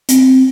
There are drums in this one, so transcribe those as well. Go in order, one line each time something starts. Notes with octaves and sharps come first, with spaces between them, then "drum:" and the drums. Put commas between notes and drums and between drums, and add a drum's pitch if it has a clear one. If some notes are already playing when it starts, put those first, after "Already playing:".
C4, drum: hi-hat